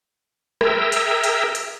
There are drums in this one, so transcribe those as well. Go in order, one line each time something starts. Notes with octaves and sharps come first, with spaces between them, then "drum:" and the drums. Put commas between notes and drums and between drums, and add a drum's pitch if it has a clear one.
G#4 A#4 E5 G5 A#5 E6, drum: rim click
drum: hi-hat
drum: hi-hat
drum: hi-hat